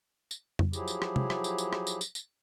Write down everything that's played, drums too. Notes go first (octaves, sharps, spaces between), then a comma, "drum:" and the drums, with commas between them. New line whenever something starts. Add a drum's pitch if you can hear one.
drum: tambourine
drum: tom F2
F3 F#3 E4 G4 G#4, drum: tambourine
drum: tambourine
drum: rim click
drum: tom C3
drum: rim click
drum: tambourine
drum: tambourine
drum: rim click
drum: tambourine
drum: tambourine
drum: tambourine